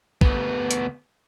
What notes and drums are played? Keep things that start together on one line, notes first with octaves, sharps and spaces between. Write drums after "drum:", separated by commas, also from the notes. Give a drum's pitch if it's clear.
D2 B3, drum: kick
drum: hi-hat